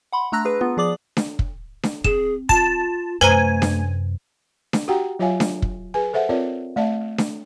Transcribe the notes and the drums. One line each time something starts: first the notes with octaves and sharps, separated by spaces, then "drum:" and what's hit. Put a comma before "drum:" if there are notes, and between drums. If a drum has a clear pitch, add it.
F#5 B5 C6
A3 D4 A#5 E6 F#6 A#6
G#4 B4
B3 F4 B4
F3 G#4 D5 D6 D#6 F#7
drum: snare D4
drum: kick
drum: snare D4
C4 G#4 E7, drum: kick
F4 A5, drum: kick
F#2 C3 A3 B4 C5 G#5 A#5
drum: snare D4
drum: snare D4
F#4 G4 F#5 G5 A#5
F#3 F4 C#5 E5 F5 G#5
drum: snare D4
drum: kick
G#4 B4 G#5
A4 C5 E5 F#5
C4 F4 A#4 C#5 D5
A3 D5 E5 A5
drum: snare D4